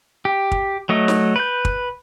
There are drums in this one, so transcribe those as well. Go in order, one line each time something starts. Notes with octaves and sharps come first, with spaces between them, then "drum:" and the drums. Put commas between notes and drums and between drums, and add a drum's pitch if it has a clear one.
G4
drum: kick
F#3 A3 D#5
drum: snare
B4 G6
drum: kick